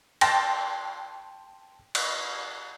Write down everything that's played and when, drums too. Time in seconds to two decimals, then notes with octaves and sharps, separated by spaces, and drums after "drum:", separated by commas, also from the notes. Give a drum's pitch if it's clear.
0.21 G5 A5 C6 A6 A#6 E7, drum: cymbal
1.95 drum: cymbal